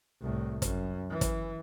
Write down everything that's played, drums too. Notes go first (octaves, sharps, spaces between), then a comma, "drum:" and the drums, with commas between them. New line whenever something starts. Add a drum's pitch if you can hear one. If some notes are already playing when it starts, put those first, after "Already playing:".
C2 A2
F#2, drum: kick, hi-hat
E3
drum: kick, hi-hat